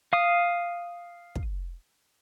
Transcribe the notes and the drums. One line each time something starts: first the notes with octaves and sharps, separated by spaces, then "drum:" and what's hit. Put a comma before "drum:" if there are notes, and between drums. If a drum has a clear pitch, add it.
F5 D#6
drum: kick